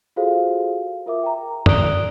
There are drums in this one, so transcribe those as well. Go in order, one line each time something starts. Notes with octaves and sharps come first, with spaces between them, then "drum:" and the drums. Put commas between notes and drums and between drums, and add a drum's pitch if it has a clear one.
F4 F#4 G#4 A4 C5 F5
F4 A#4 E5 D6
G5 A#5
D5 D#6 F#6 D7 G7, drum: tom F#2